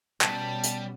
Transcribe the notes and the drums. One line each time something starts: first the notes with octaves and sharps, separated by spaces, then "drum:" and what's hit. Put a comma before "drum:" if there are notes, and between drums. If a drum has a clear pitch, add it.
B2 G3 B3 C#4 A5, drum: clap
drum: hi-hat